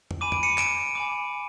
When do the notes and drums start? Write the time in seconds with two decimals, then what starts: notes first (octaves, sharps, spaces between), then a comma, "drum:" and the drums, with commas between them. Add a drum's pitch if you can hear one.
0.11 drum: tom
0.21 G#5 B5 D6 D#7
0.32 D7, drum: tom
0.43 C#7 D#7
0.58 D7 E7, drum: clap
0.95 G#5 B5 D6